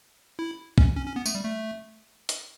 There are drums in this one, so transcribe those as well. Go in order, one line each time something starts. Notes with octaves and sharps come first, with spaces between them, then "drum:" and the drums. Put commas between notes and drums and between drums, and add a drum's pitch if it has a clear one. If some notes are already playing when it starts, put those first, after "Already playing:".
E4
C#4, drum: kick
C#4
C#4
B3
A3, drum: tambourine
G3
A3
drum: hi-hat